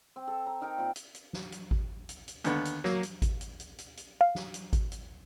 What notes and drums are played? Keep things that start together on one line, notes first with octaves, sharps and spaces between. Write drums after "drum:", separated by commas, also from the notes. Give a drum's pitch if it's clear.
C4
A4
A#5
D#4 A#4 G5 A#5
A#2 C4
drum: hi-hat
drum: hi-hat
drum: snare
drum: hi-hat
drum: kick G#1
drum: hi-hat
drum: hi-hat
D#2 D3 B3, drum: hi-hat
drum: hi-hat
F#3 A#3, drum: snare
drum: hi-hat
drum: kick G#1, hi-hat
drum: hi-hat
drum: hi-hat
drum: hi-hat
drum: hi-hat
F5
drum: snare
drum: hi-hat
drum: kick G#1, hi-hat
drum: hi-hat